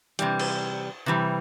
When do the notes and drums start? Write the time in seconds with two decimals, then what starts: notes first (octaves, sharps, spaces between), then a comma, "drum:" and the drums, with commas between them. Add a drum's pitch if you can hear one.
0.19 C3 E3 G3, drum: hi-hat
0.39 drum: cymbal
1.06 C3 E3 G3